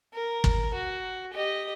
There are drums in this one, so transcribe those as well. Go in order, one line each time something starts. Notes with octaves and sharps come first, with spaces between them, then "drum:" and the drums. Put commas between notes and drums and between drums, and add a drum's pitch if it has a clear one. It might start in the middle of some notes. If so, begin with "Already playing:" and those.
A#4
drum: kick
F#4
G4 D#5